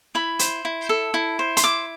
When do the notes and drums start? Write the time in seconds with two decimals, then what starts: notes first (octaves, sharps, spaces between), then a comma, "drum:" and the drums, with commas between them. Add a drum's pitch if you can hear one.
0.15 E4 B5
0.39 C5, drum: hi-hat
0.65 E4
0.89 A4
1.14 E4
1.39 C5
1.57 C6, drum: hi-hat
1.64 E4 D6